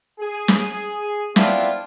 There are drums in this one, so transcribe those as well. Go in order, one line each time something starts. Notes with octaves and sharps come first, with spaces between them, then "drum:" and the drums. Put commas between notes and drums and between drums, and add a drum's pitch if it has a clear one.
G#4
drum: snare
B3 C4 D4 E4 F4 D5, drum: snare